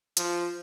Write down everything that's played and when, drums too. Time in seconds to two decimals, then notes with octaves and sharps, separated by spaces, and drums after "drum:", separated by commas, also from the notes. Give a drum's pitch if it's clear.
0.17 F3, drum: hi-hat